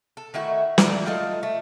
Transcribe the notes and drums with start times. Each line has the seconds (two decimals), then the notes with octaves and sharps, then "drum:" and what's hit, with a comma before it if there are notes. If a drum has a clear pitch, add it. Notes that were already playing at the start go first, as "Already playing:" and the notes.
0.17 A4
0.34 D#3 A3 E4 F#4
0.78 D5, drum: snare
1.06 A3 F4 A4 D#5
1.43 A3